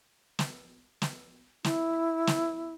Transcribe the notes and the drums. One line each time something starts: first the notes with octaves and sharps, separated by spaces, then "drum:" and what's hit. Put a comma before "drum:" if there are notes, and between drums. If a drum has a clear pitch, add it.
drum: snare
drum: snare
E4, drum: snare
drum: snare